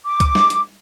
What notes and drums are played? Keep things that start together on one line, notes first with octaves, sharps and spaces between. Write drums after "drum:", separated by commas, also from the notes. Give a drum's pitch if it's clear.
D6
drum: kick C#2, hi-hat
drum: snare
drum: hi-hat